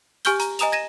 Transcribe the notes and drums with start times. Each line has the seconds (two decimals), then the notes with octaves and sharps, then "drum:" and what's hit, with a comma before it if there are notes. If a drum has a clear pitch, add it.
0.25 G4 G#5 C#6 F6 G6 G7, drum: hi-hat
0.40 A#5, drum: hi-hat
0.59 D#5 G#5 A#5 D#6 E7 F7, drum: hi-hat
0.72 G#6 A#6 D#7 E7